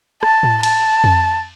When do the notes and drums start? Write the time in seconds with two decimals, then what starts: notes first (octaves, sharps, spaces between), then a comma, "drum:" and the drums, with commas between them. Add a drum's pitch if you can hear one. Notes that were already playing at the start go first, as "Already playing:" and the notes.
0.23 A5, drum: rim click
0.43 drum: tom A2
0.63 A5, drum: cymbal
1.04 drum: tom F2